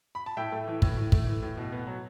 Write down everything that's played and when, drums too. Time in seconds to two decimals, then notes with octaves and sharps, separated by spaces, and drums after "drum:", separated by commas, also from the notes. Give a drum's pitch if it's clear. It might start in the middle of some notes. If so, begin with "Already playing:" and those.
0.15 B5
0.26 A5
0.37 A2 E5 G5
0.52 A3
0.67 E3
0.82 A2, drum: kick
0.97 A2
1.12 A3, drum: kick
1.27 E3
1.42 A2
1.57 B2
1.72 B3
1.87 F#3